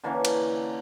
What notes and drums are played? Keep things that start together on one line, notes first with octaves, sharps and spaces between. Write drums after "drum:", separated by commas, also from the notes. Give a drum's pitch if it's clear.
D3 E3 A#3 C#4
drum: cymbal